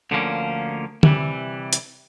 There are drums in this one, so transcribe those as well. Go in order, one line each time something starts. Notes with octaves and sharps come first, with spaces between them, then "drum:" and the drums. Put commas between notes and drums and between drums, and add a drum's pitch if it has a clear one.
D2 D3 F3 A#3 C#4
C3 E3 G3, drum: tom D3
drum: hi-hat